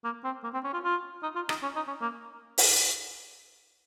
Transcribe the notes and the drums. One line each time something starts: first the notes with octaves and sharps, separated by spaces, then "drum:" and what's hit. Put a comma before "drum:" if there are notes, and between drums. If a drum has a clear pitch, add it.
A#3
C4
A#3
C4
C#4
F4
F4
D#4
F4
D#4, drum: rim click
C#4
D#4
C#4
A#3
drum: open hi-hat